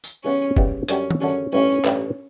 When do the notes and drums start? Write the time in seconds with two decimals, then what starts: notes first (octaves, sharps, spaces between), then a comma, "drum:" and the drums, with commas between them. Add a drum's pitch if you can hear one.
0.04 drum: tambourine
0.24 C#3 E3 G3 B3 C#4 E4
0.57 C#3 E3 G3 B3 E4, drum: kick
0.88 F#2 D3 G3 C#4 D4 G4, drum: hi-hat
1.11 drum: tom
1.20 F#2 D3 G3 C#4 D4 G4
1.52 A1 G2 E3 G3 C#4
1.85 A1 G2 E3 G3, drum: clap